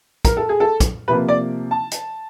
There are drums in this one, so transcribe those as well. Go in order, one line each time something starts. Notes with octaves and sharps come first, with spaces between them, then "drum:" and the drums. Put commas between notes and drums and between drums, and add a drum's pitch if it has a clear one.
A#4, drum: kick, hi-hat
A4
G#4
A4
drum: kick, hi-hat
C3 F3 A#3 B4
D5
A5
drum: hi-hat